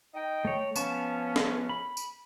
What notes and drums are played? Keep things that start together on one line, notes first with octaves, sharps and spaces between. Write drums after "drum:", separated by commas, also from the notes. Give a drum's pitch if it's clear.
D#4 D#5 G5
A3 C#5
F3 B3 C#4 A5 C#6, drum: tambourine
drum: snare
B5
drum: tambourine